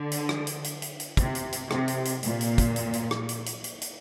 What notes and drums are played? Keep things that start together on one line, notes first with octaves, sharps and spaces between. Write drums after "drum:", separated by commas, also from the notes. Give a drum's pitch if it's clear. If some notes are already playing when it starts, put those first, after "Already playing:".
Already playing: D3
drum: hi-hat
drum: rim click
drum: hi-hat
drum: hi-hat
drum: hi-hat
drum: hi-hat
C3, drum: kick, hi-hat
drum: hi-hat
drum: hi-hat
C3, drum: rim click
drum: hi-hat
drum: hi-hat
A#2, drum: hi-hat
drum: hi-hat
drum: kick, hi-hat
drum: hi-hat
drum: hi-hat
drum: rim click
drum: hi-hat
drum: hi-hat
drum: hi-hat
drum: hi-hat